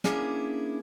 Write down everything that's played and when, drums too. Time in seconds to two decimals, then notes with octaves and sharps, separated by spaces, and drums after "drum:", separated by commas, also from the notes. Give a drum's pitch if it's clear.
0.04 A#3 C#4 D4 E4 G#4, drum: snare